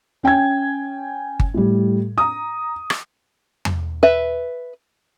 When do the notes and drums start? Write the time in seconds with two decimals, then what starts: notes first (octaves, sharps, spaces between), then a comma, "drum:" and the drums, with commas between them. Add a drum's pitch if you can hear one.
0.23 C#4 G5 G#5 G#6
1.40 drum: kick G1
1.54 A2 G3
2.18 A#5 D#6
2.90 drum: rim click
3.65 drum: tom E2
4.03 B4 E5